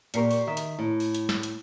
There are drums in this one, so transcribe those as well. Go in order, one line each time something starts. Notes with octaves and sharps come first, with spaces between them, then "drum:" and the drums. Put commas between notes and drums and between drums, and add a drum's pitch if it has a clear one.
A#2 G4 A#4 C#6 C7 C#7, drum: hi-hat
C#6, drum: open hi-hat
D#3 A#4 E5 A#5
drum: hi-hat
A2 E4
drum: open hi-hat
drum: hi-hat
drum: snare
drum: hi-hat